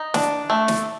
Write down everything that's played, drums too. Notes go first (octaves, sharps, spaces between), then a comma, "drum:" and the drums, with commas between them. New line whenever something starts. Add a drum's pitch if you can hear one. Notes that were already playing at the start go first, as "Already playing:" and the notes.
Already playing: D#4
D4, drum: snare
A3
drum: snare